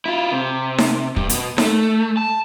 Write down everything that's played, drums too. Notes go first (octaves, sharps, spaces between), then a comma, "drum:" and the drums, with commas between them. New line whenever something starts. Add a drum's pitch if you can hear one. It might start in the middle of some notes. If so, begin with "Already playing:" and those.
E4 F4
C3
drum: snare D#4
G2, drum: kick
B2, drum: hi-hat
A3, drum: snare D#4
A5